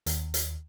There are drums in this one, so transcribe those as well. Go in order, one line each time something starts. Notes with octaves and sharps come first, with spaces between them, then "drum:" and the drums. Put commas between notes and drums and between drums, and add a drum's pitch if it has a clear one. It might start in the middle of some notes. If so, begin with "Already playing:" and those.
D#2, drum: hi-hat
drum: hi-hat